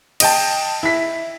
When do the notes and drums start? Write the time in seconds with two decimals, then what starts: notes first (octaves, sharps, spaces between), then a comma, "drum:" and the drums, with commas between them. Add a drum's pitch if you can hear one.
0.20 D#5 G5 A5, drum: cymbal
0.83 E4 B6